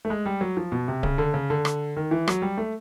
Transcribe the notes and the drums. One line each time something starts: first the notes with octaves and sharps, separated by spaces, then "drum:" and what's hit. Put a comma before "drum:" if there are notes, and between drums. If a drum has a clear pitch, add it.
A3
G#3
G3
F#3
F3
B2
C3
C#3, drum: kick D1
D3
C#3
D3
drum: rim click
D#3
E3
F#3, drum: rim click
G3
A3